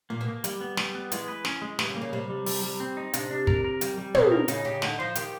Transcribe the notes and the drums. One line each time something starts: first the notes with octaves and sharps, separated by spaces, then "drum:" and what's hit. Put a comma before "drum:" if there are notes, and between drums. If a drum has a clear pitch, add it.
A#2 A#3
B2
A#3
G3, drum: hi-hat
B3
G3, drum: snare
B3
E3 G#3, drum: hi-hat
B4
C#4, drum: snare
G#3
E3 G3, drum: snare
C#3
A#3
C#3
C3 G3
G3
G3, drum: open hi-hat
G3
C4
D#4
C3 D4, drum: hi-hat
D4
A#4, drum: kick
A#4
G3, drum: hi-hat
G3
B2 C4, drum: tom
A#4
C#3 D#4, drum: hi-hat
C#3 G4
D3 D#4, drum: snare
F3 C5
D#3 G4, drum: hi-hat